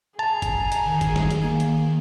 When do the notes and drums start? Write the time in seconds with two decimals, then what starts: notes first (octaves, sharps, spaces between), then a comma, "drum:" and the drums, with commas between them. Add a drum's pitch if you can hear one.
0.19 G#4 A5 A#5
0.42 drum: kick G1, hi-hat
0.72 drum: hi-hat
0.86 D#3
1.01 drum: kick G1, hi-hat
1.16 drum: snare
1.31 drum: hi-hat
1.42 A#3
1.60 drum: hi-hat